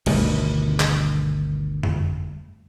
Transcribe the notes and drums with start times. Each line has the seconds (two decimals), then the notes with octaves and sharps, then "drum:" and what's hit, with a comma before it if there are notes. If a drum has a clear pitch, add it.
0.06 G1 D2 B2 D#3, drum: cymbal
0.80 drum: clap
1.83 drum: tom F2